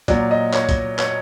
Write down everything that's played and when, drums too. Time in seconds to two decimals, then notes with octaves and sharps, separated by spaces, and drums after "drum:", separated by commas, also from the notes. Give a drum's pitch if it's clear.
0.08 A#2 F#3 D5, drum: kick, hi-hat
0.31 D#5
0.54 C#5, drum: clap
0.69 drum: kick, hi-hat
0.99 C#5, drum: clap